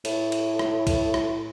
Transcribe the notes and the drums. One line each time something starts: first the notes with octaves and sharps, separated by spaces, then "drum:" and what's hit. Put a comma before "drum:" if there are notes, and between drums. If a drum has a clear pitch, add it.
A2, drum: cymbal
drum: cymbal
drum: rim click
drum: kick B1, cymbal
drum: rim click